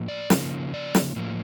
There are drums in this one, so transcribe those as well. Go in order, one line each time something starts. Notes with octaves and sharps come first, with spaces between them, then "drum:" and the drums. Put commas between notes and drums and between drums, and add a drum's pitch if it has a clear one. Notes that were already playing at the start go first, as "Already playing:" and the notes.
Already playing: A2 F3 A#3
D5
C#3 F3 A#3, drum: snare
D5
drum: snare
A2 F3 A#3